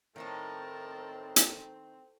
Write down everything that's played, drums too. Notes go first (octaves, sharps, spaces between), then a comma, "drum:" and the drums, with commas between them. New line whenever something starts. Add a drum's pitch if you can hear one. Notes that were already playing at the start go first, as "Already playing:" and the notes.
A2 D#3 C4 D#4 A4 A#4 A5
drum: hi-hat